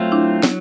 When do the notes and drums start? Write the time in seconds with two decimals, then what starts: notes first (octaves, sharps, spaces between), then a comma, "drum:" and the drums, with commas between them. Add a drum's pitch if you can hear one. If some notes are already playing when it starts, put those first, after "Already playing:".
Already playing: F#3 A3 C4 F4
0.12 D4 E4
0.43 F#3, drum: snare